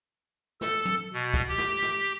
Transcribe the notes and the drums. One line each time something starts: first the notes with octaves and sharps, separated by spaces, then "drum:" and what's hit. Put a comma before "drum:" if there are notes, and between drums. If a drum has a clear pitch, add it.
A4, drum: snare
drum: tom
B2
drum: kick, hi-hat
G4
drum: snare
drum: snare